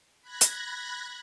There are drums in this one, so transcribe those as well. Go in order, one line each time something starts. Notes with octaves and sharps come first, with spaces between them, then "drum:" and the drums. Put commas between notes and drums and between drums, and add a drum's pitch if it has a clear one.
B5 F#6 G#6 A#6
drum: hi-hat